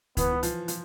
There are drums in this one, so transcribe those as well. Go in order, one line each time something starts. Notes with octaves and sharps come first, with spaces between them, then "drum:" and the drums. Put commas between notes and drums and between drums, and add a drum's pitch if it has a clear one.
E3 B3, drum: kick C#2, hi-hat
E3
F3, drum: hi-hat
F3, drum: hi-hat